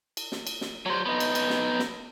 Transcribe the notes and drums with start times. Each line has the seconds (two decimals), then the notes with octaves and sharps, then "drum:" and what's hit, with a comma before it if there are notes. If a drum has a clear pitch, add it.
0.17 drum: cymbal
0.32 drum: snare
0.47 drum: cymbal
0.61 drum: snare
0.86 F#3 C5
1.06 B3 D#4
1.20 drum: cymbal
1.35 drum: cymbal
1.50 drum: snare
1.79 drum: snare